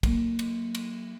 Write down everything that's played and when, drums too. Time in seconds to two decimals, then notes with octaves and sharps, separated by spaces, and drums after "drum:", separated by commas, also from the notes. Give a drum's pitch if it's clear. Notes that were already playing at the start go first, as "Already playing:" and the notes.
0.03 F#3 A#3, drum: kick, cymbal
0.39 drum: cymbal
0.75 drum: cymbal